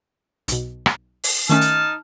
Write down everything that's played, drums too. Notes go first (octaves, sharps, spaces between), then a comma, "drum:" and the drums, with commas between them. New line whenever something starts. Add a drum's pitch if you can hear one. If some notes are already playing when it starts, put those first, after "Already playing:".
B1 B2, drum: hi-hat
drum: rim click
drum: open hi-hat
D#3 A3 C#4 D#4 A5 F6
drum: hi-hat